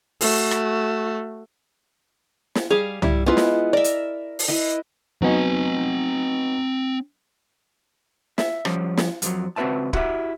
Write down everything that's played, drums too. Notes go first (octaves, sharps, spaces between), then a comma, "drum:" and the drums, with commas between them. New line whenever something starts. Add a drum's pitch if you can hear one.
A3 F#4, drum: open hi-hat
drum: rim click
drum: snare
G3 G#4 F5
G3 E4, drum: tom
G#3 B3 E4 F4 B4
drum: snare
A#4 D5 E5
drum: hi-hat
drum: open hi-hat
E4 B4 D#5
F#3 B3 C4 D#4 G#5
E5, drum: snare
F3 G3 C#4, drum: rim click
drum: snare
F2 F3 F#3, drum: hi-hat
C#2 C4 F#4 B4 E5 A5
E4 F#4 G4 E5, drum: kick